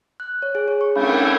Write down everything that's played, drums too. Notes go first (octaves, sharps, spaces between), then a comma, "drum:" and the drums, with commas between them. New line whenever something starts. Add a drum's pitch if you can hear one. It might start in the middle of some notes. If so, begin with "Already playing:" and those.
F#6
C#5
G#4
C#5
C#6
B5, drum: cymbal
A#4
E6